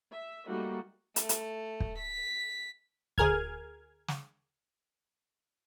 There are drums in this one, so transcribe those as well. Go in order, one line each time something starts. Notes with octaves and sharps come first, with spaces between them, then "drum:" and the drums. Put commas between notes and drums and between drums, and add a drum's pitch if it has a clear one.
E5
G3 A3 A#3 D#4 F#4
A3, drum: hi-hat
drum: hi-hat
drum: kick
B6
D2 G#4 A#4 F6 G#6, drum: kick
drum: snare